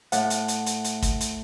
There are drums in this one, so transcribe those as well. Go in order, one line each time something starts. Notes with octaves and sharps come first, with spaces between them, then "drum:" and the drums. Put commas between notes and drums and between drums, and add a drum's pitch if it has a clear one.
A2 F#5, drum: hi-hat
drum: hi-hat
drum: hi-hat
drum: hi-hat
drum: hi-hat
drum: kick, hi-hat
drum: hi-hat